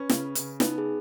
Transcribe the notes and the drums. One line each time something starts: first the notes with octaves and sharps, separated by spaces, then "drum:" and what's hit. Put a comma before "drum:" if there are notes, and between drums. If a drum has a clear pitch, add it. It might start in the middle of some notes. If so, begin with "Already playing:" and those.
Already playing: C#4 B4
C#3, drum: snare
C#3, drum: hi-hat
B3 D#4, drum: snare
G#4